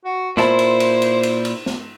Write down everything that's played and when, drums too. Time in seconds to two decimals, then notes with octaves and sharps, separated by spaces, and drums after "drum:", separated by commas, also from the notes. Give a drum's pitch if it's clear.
0.05 F#4
0.37 A#2 E4 C5 A5, drum: snare
0.59 drum: cymbal
0.80 drum: cymbal
1.02 drum: cymbal
1.23 drum: cymbal
1.45 drum: cymbal
1.66 drum: snare